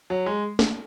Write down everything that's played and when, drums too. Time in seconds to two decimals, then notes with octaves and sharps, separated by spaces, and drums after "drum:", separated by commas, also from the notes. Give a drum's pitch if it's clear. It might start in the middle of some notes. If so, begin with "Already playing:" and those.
0.10 F#3
0.26 G#3
0.59 drum: snare